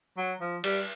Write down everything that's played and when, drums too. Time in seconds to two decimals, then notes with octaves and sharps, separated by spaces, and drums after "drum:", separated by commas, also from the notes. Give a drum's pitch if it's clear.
0.17 F#3
0.41 F3
0.64 G3, drum: cymbal